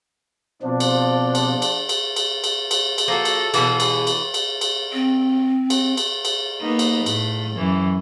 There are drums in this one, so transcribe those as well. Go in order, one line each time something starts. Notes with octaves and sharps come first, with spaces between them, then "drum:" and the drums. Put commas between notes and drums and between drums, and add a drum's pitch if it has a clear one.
B2 F3 C4 D4
drum: cymbal
drum: cymbal
drum: cymbal
drum: cymbal
drum: cymbal
drum: cymbal
drum: cymbal
drum: cymbal
F3 A#3 F#4 A4
drum: cymbal
B2 E3 B3 F4 F#4 G#4, drum: cymbal
drum: cymbal
drum: cymbal
drum: cymbal
drum: cymbal
C4
drum: cymbal
drum: cymbal
drum: cymbal
A#3 B3 D#4
drum: cymbal
A2, drum: cymbal
F#2 E3